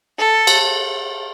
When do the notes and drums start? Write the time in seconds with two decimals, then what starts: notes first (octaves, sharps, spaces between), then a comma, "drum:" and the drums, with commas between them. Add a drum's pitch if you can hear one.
0.18 A4
0.47 drum: cymbal